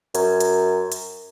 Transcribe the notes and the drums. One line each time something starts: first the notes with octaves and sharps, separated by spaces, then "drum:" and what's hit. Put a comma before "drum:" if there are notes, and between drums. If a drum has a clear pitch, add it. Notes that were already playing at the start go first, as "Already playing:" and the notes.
F#2, drum: hi-hat
drum: hi-hat
drum: hi-hat